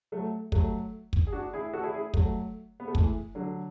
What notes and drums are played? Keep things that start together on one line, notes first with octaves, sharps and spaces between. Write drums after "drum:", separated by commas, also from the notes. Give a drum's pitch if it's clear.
F#3 A3
F#3 A3, drum: kick
drum: kick
G#4
D4 F#4
E4 G#4
F#4 A4
E4 G#4
E4 G#4
F#3 A3, drum: kick
B3
A3
E3 G#3, drum: kick
D3 F#3